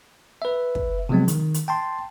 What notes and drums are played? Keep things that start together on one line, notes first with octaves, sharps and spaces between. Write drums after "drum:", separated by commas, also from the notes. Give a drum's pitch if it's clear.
B4 E5
drum: kick
C3 F3 F#3 G#3 B3 C4
D#3, drum: hi-hat
drum: hi-hat
G5 A5 C6